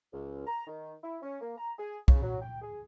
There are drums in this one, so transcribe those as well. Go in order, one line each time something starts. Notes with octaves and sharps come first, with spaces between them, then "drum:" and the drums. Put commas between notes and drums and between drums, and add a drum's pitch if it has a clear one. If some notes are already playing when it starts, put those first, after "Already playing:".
C#2
A#5
D#3
E4
C#4
A#3
A#5
G#4
C#3, drum: kick
F#3
G5
G#4